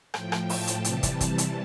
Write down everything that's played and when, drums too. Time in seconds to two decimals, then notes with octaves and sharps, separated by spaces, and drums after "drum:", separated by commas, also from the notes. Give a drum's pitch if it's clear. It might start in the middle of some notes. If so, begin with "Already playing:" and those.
0.14 A2 F3 G5, drum: rim click
0.32 drum: rim click
0.49 A5, drum: open hi-hat
0.67 drum: hi-hat
0.84 C3 E3 G3, drum: hi-hat
1.03 drum: kick, hi-hat
1.21 drum: kick, hi-hat
1.38 drum: hi-hat